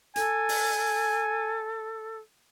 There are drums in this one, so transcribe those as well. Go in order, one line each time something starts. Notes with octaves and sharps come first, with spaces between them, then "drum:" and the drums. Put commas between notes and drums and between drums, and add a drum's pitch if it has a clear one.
A4 G#5, drum: hi-hat
drum: open hi-hat